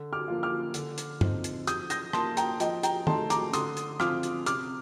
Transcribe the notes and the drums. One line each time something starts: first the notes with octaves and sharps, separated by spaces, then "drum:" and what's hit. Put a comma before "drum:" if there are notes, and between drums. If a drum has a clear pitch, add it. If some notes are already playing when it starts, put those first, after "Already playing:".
Already playing: D3
D6 F6
F3 A#3 F4
D6 F6
D3, drum: hi-hat
drum: hi-hat
F3 C4 D#4, drum: tom
drum: hi-hat
F3 D#6 G6, drum: hi-hat
G6 A#6, drum: hi-hat
A#3 F4 A5 C6, drum: rim click
G5 A#5, drum: hi-hat
F3 D#5 G5, drum: hi-hat
G5 A#5, drum: hi-hat
A3 D#4 A5 C6, drum: tom
A#5 D6, drum: hi-hat
D3 C6 D#6, drum: hi-hat
drum: hi-hat
F3 C4 F4 D6 F6, drum: rim click
drum: hi-hat
C3 D6 F6, drum: hi-hat